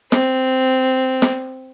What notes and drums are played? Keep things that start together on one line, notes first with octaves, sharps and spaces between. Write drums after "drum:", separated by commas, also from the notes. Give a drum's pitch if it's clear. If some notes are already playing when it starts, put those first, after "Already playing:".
C4, drum: snare
drum: snare